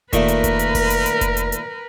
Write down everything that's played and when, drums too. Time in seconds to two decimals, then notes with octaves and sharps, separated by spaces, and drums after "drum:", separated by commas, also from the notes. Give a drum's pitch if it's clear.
0.13 A#2 D#3 A3 A#4 B4, drum: kick F1, hi-hat
0.28 drum: hi-hat
0.44 drum: kick F1, hi-hat
0.59 drum: hi-hat
0.75 drum: kick F1, open hi-hat
0.90 drum: hi-hat
1.06 drum: hi-hat
1.21 drum: kick F1, hi-hat
1.37 drum: hi-hat
1.52 drum: hi-hat